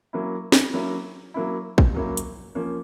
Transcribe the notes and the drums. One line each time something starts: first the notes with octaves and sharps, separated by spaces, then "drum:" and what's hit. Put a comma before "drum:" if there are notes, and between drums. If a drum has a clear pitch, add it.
F#3 A#3 C#4 E4
drum: snare
F#3 A#3 C#4 E4
F#3 A#3 C#4 E4
drum: kick
F#3 A#3 C#4 E4
drum: hi-hat
F3 A#3 C#4